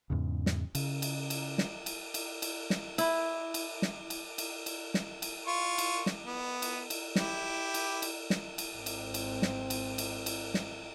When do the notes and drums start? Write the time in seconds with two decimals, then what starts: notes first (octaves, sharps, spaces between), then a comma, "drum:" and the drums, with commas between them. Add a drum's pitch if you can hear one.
0.10 E2 G#2 C#3
0.46 drum: snare
0.75 C#3, drum: cymbal
1.02 drum: cymbal
1.30 drum: cymbal
1.58 drum: snare
1.86 drum: cymbal
2.14 drum: cymbal
2.42 drum: cymbal
2.70 drum: snare
2.98 E4, drum: cymbal
3.54 drum: cymbal
3.82 drum: snare
4.10 drum: cymbal
4.38 drum: cymbal
4.66 drum: cymbal
4.94 drum: snare
5.22 drum: cymbal
5.47 F4 C#6
5.78 drum: cymbal
6.06 drum: snare
6.26 B3
6.62 drum: cymbal
6.90 drum: cymbal
7.16 E4 G4, drum: snare
7.74 drum: cymbal
8.02 drum: cymbal
8.30 drum: snare
8.58 drum: cymbal
8.76 G#1 C4
8.86 drum: cymbal
9.14 drum: cymbal
9.42 drum: snare
9.70 drum: cymbal
9.98 drum: cymbal
10.26 drum: cymbal
10.54 drum: snare